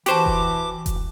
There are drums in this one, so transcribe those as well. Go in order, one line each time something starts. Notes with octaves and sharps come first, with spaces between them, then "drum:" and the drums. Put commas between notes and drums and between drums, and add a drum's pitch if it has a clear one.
E3 F#4 G4 C5 A5 D6, drum: hi-hat
drum: kick E1
drum: kick E1, hi-hat